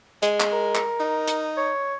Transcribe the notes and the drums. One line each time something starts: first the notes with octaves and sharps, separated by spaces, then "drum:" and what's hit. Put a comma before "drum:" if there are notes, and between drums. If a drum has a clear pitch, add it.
G#3, drum: hi-hat
drum: clap
A#4
drum: clap
D#4
drum: hi-hat
C#5